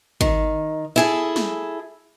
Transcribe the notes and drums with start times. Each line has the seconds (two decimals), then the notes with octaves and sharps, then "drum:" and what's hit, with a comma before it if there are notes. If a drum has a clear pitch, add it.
0.21 D#3, drum: kick
0.96 E4 G#4 A4
1.36 drum: snare